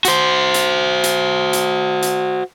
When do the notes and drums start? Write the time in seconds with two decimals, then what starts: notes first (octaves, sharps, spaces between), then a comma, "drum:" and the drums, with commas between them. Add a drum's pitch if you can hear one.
0.05 F#4 C5, drum: hi-hat
0.54 drum: hi-hat
1.04 drum: hi-hat
1.53 drum: hi-hat
2.02 drum: hi-hat